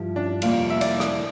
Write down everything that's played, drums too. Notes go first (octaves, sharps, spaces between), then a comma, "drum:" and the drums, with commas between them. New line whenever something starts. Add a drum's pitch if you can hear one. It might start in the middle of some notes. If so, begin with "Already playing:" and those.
Already playing: G2 F3 E4 G4
D4
F2 C3 G3 A#3 E4 F4, drum: cymbal
E5
D5, drum: cymbal
drum: rim click